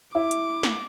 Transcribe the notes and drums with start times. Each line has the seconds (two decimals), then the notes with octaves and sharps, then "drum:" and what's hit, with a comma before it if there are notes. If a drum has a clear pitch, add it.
0.15 E4 D6
0.31 drum: hi-hat
0.63 drum: snare